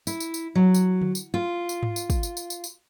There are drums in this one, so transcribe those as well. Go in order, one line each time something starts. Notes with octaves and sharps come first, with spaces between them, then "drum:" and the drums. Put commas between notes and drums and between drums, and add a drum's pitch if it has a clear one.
E4, drum: tambourine
drum: tambourine
drum: tambourine
F#3
drum: tambourine
drum: tom D3
drum: tambourine
F4
drum: tambourine
drum: tom G#2
drum: tambourine
drum: kick, tambourine
drum: tambourine
drum: tambourine
drum: tambourine
drum: tambourine